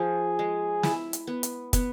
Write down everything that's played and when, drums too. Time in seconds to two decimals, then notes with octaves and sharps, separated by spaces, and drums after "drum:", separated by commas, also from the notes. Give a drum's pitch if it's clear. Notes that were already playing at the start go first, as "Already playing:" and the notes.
Already playing: F3 G#4
0.39 G#3
0.83 E4, drum: snare
1.13 drum: hi-hat
1.27 B3
1.43 drum: hi-hat
1.73 B3, drum: kick, hi-hat